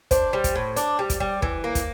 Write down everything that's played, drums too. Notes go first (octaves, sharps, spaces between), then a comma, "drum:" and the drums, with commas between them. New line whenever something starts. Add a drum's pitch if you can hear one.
D4 C5, drum: kick, hi-hat
G3
drum: kick, hi-hat
A2
D4, drum: hi-hat
G3
drum: kick, hi-hat
G3
E3, drum: kick
A#3
drum: kick, hi-hat